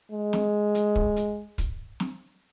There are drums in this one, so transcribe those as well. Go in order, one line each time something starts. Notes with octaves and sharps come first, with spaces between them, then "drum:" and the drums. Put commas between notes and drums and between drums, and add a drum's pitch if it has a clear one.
G#3
drum: snare
drum: hi-hat
drum: kick
drum: hi-hat
drum: kick, hi-hat
drum: snare